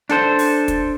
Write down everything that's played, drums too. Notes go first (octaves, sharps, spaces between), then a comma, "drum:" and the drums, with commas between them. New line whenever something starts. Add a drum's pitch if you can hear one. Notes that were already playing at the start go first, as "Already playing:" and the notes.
D4 A4 C5, drum: snare
drum: open hi-hat
drum: kick, hi-hat